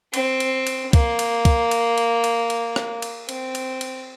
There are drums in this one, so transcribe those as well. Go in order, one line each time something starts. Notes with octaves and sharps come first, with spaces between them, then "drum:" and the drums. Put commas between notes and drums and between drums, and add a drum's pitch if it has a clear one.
C4, drum: cymbal
drum: cymbal
drum: cymbal
A#3, drum: kick, cymbal
drum: cymbal
drum: kick, cymbal
drum: cymbal
drum: cymbal
drum: cymbal
drum: cymbal
drum: rim click
drum: cymbal
C4, drum: cymbal
drum: cymbal
drum: cymbal